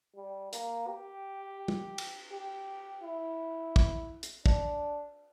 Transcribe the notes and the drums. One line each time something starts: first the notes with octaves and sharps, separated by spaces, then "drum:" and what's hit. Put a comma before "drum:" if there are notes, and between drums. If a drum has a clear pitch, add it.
G3
A#3, drum: hi-hat
G4
drum: tom
drum: cymbal
G4
E4
drum: kick
drum: hi-hat
D4, drum: kick